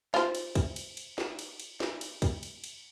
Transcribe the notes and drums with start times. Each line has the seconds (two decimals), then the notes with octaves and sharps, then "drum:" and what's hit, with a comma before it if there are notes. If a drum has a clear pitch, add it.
0.14 F4 C5, drum: snare
0.35 drum: cymbal
0.55 drum: kick, cymbal
0.76 drum: cymbal
0.97 drum: cymbal
1.18 drum: snare
1.39 drum: cymbal
1.60 drum: cymbal
1.80 drum: snare
2.01 drum: cymbal
2.22 drum: kick, cymbal
2.43 drum: cymbal
2.64 drum: cymbal